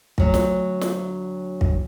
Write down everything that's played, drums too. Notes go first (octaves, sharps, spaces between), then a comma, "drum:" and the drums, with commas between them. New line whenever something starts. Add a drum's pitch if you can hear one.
D2 F#3, drum: kick
drum: snare
drum: snare
drum: kick